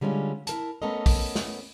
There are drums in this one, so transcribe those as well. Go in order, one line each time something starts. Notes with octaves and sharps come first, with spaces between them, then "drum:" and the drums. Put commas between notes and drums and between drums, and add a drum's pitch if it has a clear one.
D3 G3 G#3 C#4 F4
E4 A#4 A5, drum: hi-hat
A3 B3 C#4 A4 A#4 D#5
drum: kick, open hi-hat
drum: snare